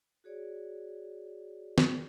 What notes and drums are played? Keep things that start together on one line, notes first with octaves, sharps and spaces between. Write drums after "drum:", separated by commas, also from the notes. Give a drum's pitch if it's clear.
F#4 G#4 C#5 D5
drum: snare